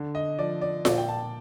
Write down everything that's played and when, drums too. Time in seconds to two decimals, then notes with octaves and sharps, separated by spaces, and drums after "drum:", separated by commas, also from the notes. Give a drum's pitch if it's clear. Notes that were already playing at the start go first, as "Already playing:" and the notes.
Already playing: D3
0.15 D#5
0.39 F3 D5
0.61 D5
0.85 A#2 D5, drum: snare F4
0.98 G5
1.08 A5